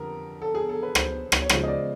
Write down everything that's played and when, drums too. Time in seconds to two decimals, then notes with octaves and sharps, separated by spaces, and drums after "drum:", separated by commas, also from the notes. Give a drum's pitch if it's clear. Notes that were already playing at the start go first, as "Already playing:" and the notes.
Already playing: F2 D3 G3 B3 A#4
0.42 A4
0.55 G#4
0.69 A4
0.83 B4
0.95 C5, drum: rim click
1.32 drum: rim click
1.42 C#5
1.49 C#3 F3 G#3 C5, drum: rim click
1.63 D#5
1.68 D5